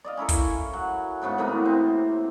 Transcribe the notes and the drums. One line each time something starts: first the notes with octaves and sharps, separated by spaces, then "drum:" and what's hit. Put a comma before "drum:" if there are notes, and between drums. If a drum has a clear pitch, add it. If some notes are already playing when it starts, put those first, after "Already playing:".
D5 D#5 F5
C#4 E4 A4 A#4
drum: kick, hi-hat
F#3
G#2 C#3 B3 F#4
A2 C3 A#3 B3
C4